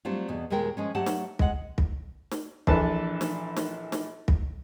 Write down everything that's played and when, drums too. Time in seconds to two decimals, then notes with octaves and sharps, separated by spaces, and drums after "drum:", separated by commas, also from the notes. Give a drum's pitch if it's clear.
0.05 F#3 G3 A3 C4 D4 F4
0.28 E2 B2
0.50 D#2 A#2 G#3 A#4 G5
0.77 F3 G#3 C#4
0.95 F#3 A3 G4 F#5 A5
1.06 drum: snare
1.39 G#3 F#5, drum: kick
1.78 drum: kick
2.31 drum: snare
2.67 A#1 E3 D4 A4 B4 A5, drum: kick
3.21 drum: snare
3.56 drum: snare
3.92 drum: snare
4.28 drum: kick